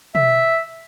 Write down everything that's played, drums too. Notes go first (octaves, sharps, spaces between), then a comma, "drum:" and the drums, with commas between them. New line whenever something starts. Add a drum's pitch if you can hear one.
E5, drum: tom B2